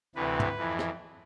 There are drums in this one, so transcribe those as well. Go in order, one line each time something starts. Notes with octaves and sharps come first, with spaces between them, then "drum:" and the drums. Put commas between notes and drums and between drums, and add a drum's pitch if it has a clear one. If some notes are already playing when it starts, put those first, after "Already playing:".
D2 C3 E3 B4
drum: tom
F2 E3
drum: rim click